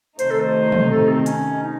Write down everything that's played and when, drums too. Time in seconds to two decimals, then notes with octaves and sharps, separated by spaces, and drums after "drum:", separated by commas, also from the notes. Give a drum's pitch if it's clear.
0.19 C3 D#3 A3 D#4 C5, drum: hi-hat
0.31 A4
0.40 C5
0.72 drum: tom
0.91 A4
1.09 C4
1.26 C#4, drum: hi-hat
1.62 D#4